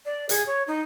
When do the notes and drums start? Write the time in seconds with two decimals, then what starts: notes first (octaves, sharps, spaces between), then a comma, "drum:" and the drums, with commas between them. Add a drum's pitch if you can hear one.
0.06 D5
0.29 G#4, drum: hi-hat
0.47 C#5
0.68 D#4